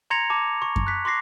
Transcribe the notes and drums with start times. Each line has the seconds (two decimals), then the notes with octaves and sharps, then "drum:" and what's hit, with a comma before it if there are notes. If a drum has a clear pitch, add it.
0.10 A#5 C6 G#6 A#6 C#7 F7
0.30 A5 D6
0.62 C#6
0.76 drum: kick F#2
0.87 F#6 B6
1.05 C6 D6 A#6 C7